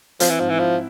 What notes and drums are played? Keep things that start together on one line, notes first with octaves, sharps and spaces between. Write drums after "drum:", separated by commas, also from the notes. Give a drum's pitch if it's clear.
F3 C4, drum: hi-hat
E3
G#2 F3
E3
F3 E4